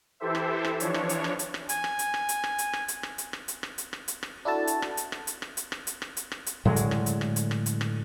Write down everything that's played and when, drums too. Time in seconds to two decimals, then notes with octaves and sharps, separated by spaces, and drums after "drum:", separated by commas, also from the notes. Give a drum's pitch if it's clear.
0.20 E3 E4 G4 A4 C5 E5
0.35 drum: rim click
0.65 drum: rim click
0.80 E3 F3 D4 C#5, drum: hi-hat
0.94 drum: rim click
1.09 drum: hi-hat
1.24 drum: rim click
1.39 drum: hi-hat
1.54 drum: rim click
1.69 G#5, drum: hi-hat
1.84 drum: rim click
1.99 drum: hi-hat
2.14 drum: rim click
2.29 drum: hi-hat
2.44 drum: rim click
2.59 drum: hi-hat
2.73 drum: rim click
2.88 drum: hi-hat
3.03 drum: rim click
3.18 drum: hi-hat
3.33 drum: rim click
3.48 drum: hi-hat
3.63 drum: rim click
3.78 drum: hi-hat
3.93 drum: rim click
4.08 drum: hi-hat
4.23 drum: rim click
4.45 D4 E4 F#4 A4 A5
4.67 drum: hi-hat
4.82 drum: rim click
4.97 drum: hi-hat
5.12 drum: rim click
5.27 drum: hi-hat
5.42 drum: rim click
5.57 drum: hi-hat
5.72 drum: rim click
5.87 drum: hi-hat
6.02 drum: rim click
6.17 drum: hi-hat
6.32 drum: rim click
6.46 drum: hi-hat
6.65 A2 D3 F#3 G#3
6.76 drum: hi-hat
6.91 drum: rim click
7.06 drum: hi-hat
7.21 drum: rim click
7.36 drum: hi-hat
7.51 drum: rim click
7.66 drum: hi-hat
7.81 drum: rim click